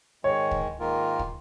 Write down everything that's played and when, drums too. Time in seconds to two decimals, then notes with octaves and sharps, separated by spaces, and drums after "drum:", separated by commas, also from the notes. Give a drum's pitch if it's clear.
0.24 G#2 D#3 G#3 C#5
0.51 drum: kick
0.79 G#2 D#3 A#3 F4 A#4
1.19 drum: kick